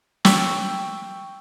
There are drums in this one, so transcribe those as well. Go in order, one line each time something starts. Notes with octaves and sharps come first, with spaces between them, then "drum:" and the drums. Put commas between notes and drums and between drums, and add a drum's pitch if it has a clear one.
G5 C#6 E6, drum: snare